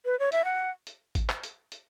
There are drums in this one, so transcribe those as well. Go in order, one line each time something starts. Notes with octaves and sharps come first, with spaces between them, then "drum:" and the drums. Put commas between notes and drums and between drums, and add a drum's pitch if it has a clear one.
B4
C#5
E5, drum: hi-hat
F#5
drum: hi-hat
drum: kick G#1, hi-hat
drum: clap
drum: hi-hat
drum: hi-hat